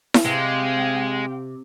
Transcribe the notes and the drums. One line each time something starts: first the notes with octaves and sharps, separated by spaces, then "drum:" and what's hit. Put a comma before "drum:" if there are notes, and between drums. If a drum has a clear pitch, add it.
drum: snare E4
C3 G#3 F5 G5